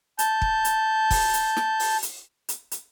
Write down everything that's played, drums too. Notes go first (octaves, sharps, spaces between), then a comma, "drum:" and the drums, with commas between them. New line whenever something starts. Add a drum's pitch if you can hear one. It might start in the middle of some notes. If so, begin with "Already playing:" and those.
A5 G6, drum: hi-hat
drum: kick
drum: hi-hat
drum: kick, open hi-hat
drum: hi-hat
drum: snare
drum: open hi-hat
drum: hi-hat
drum: hi-hat
drum: hi-hat